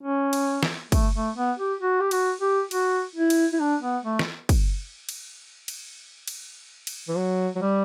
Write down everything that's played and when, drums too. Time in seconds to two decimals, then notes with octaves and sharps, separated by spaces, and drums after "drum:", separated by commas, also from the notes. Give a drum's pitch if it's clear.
0.03 C#4
0.33 drum: cymbal
0.63 drum: snare
0.92 A3, drum: kick, cymbal
1.15 A3
1.36 B3
1.59 G4
1.81 F#4
2.00 G4
2.11 F#4, drum: cymbal
2.41 G4
2.71 F#4, drum: cymbal
3.15 E4
3.30 drum: cymbal
3.53 E4
3.60 D4
3.82 B3
4.04 A3
4.19 drum: snare
4.49 drum: kick, cymbal
5.09 drum: cymbal
5.68 drum: cymbal
6.28 drum: cymbal
6.87 drum: cymbal
7.08 E3
7.17 F#3
7.55 F#3
7.62 G3